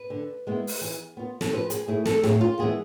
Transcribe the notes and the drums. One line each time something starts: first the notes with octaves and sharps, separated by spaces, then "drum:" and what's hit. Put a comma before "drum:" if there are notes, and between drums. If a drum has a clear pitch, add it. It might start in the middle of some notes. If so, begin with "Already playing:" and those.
Already playing: B4
D3
G#3 B3 E4
drum: open hi-hat
E3
B3 F4
A4, drum: snare
F3 B4
G#4, drum: hi-hat
A3 E4 G#4
A4, drum: snare
A2 G#4, drum: snare
F4
E3 G#3 B3 G#4